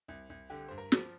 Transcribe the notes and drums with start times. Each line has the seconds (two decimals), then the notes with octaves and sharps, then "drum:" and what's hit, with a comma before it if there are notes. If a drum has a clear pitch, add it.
0.08 C2
0.30 C2
0.50 D3 G4
0.68 G2 C5
0.78 A#4
0.92 F3, drum: snare